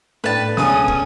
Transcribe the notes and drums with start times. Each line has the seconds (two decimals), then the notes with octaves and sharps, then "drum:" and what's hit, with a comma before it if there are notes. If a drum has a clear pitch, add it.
0.24 A2 D4 B4 A5 A6
0.57 C#2 B2 D3 C#4 D#6, drum: snare
0.88 drum: kick